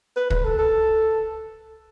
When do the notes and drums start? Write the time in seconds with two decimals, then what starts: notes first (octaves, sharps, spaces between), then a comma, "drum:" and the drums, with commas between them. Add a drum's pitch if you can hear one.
0.17 B4
0.30 B4, drum: kick
0.45 A4
0.59 A4